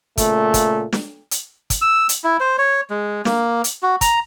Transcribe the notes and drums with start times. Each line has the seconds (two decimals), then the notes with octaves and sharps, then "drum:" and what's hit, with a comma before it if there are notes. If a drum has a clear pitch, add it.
0.17 A#2 C#3 A3, drum: kick, hi-hat
0.54 drum: kick, hi-hat
0.93 drum: snare
1.31 drum: hi-hat
1.70 drum: kick, hi-hat
1.82 E6
2.09 drum: hi-hat
2.24 E4
2.40 C5
2.58 C#5
2.90 G#3
3.25 A#3, drum: snare
3.64 drum: hi-hat
3.83 F#4
4.01 A#5, drum: kick, hi-hat